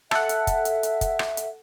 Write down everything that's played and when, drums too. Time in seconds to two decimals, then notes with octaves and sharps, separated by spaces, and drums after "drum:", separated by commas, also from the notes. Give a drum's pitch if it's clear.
0.11 A4 E5 F#5, drum: rim click
0.29 drum: hi-hat
0.47 drum: kick, hi-hat
0.65 drum: hi-hat
0.83 drum: hi-hat
1.01 drum: kick, hi-hat
1.19 drum: rim click
1.37 drum: hi-hat